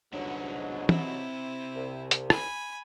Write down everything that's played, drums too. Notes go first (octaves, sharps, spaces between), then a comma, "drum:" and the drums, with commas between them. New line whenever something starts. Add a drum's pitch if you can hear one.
C2 G#2 B2 D3 F#3
C3 C4 E4, drum: tom
C2
drum: hi-hat
G#5 B5, drum: rim click